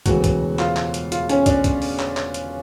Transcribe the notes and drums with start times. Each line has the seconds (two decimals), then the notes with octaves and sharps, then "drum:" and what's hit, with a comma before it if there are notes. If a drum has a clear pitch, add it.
0.06 E1 D2 C#3 E3 F#4, drum: kick, hi-hat
0.24 drum: kick, hi-hat
0.59 F4, drum: clap
0.76 drum: clap
0.94 drum: hi-hat
1.12 F4, drum: hi-hat
1.29 C#4, drum: hi-hat
1.46 D4, drum: kick, hi-hat
1.64 drum: kick, hi-hat
1.82 drum: open hi-hat
1.99 drum: clap
2.17 drum: clap
2.34 drum: hi-hat